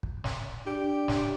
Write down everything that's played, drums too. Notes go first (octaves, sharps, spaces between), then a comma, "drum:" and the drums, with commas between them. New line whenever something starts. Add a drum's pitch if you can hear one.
drum: kick
drum: snare
D4 G4
drum: snare